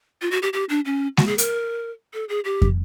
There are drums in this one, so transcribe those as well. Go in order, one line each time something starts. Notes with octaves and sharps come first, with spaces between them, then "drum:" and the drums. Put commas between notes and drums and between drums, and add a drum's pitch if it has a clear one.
F4
F#4
G4
G4
D4
C#4
F#4, drum: snare G#3
G#4
A#4, drum: hi-hat
A4
G#4
G4
drum: kick